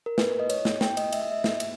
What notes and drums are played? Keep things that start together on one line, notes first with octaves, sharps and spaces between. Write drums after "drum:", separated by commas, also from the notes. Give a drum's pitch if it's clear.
A#4
B4, drum: snare
D#5
C#5, drum: cymbal
drum: snare
G5, drum: snare
D#5, drum: cymbal
E5, drum: cymbal
D#5
E5
drum: snare
drum: cymbal